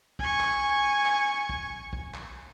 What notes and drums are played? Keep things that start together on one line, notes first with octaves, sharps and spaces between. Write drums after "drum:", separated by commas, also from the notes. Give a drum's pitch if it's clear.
G#5 C#6, drum: kick
drum: clap
drum: clap
drum: kick
drum: kick
drum: clap